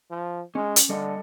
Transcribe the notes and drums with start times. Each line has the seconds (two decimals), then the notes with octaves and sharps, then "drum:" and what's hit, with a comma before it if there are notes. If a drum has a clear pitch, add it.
0.11 F3
0.55 G#3 C#4
0.76 drum: hi-hat
0.89 D3 G3 A4 D#5